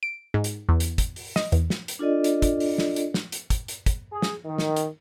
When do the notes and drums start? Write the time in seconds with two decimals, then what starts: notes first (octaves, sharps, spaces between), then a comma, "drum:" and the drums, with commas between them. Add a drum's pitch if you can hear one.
0.03 D7
0.34 G#2
0.44 drum: hi-hat
0.69 E2
0.80 drum: hi-hat
0.98 drum: kick, hi-hat
1.16 drum: open hi-hat
1.36 D#5, drum: snare
1.52 E2, drum: hi-hat
1.70 drum: snare
1.88 drum: hi-hat
1.99 D4 F4 A4 D5 D#5
2.24 drum: hi-hat
2.42 drum: kick, hi-hat
2.60 drum: open hi-hat
2.78 drum: snare
2.96 drum: hi-hat
3.14 drum: snare
3.32 drum: hi-hat
3.50 drum: kick, hi-hat
3.68 drum: hi-hat
3.86 drum: kick, hi-hat
4.12 G#4
4.22 drum: snare
4.45 D#3
4.58 drum: snare
4.76 drum: hi-hat